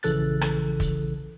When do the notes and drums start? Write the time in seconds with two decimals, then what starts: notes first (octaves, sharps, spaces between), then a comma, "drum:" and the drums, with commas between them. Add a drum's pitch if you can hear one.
0.03 A#1 C#3 E3 A4 F#6 A6, drum: hi-hat
0.41 drum: rim click
0.80 drum: kick, hi-hat